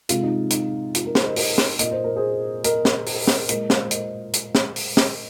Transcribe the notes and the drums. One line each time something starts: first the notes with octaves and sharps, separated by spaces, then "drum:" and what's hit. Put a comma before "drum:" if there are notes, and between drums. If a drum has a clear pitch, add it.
C3 G#3 F4, drum: hi-hat
D#4
D#4, drum: hi-hat
F4, drum: hi-hat
F4 A#4
G#4 C5, drum: snare
A#4 D#5
A#4 D#5, drum: open hi-hat
drum: snare
A#2 A#3 D#5, drum: hi-hat
C5
A#4
G#4 C5
A#4 D#5, drum: hi-hat
drum: snare
drum: open hi-hat
drum: snare
A#2 G#3 A#4 D#5, drum: hi-hat
C5 F5, drum: snare
C5
A#4 D#5, drum: hi-hat
drum: hi-hat
drum: snare
drum: open hi-hat
drum: snare